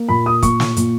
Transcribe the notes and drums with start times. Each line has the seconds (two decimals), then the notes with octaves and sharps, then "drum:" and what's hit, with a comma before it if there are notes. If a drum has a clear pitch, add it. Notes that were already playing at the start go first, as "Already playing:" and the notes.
Already playing: A#3
0.09 A#2 B5
0.26 D#6
0.42 A#2 C#6, drum: kick, hi-hat
0.60 drum: snare
0.77 A#2, drum: hi-hat